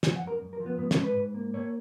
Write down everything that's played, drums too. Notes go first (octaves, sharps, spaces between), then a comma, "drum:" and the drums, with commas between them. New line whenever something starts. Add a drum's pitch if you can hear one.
F3 G#5, drum: snare
F#5
F#2
A#4
F#2
A#4
F3
B3
G#2 B3
C#4, drum: snare
G#2
B4
G#2
A#3
A#3 C#5